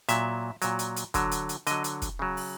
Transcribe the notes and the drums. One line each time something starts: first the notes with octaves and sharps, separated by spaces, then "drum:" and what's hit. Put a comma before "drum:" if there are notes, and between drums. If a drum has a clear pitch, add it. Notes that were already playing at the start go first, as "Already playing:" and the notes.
A#2 F#3 E5, drum: hi-hat
A#2 F#3, drum: hi-hat
drum: hi-hat
drum: hi-hat
D3 F#3, drum: kick, hi-hat
drum: hi-hat
drum: hi-hat
D3 F#3 D#5, drum: hi-hat
drum: hi-hat
drum: kick, hi-hat
C#3 F#3
drum: open hi-hat